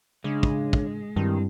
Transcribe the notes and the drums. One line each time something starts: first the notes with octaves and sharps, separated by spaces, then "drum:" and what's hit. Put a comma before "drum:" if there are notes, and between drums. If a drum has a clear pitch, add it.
C#3 G#3 D4
drum: kick
drum: kick
G2 D#3 C4 E4 G4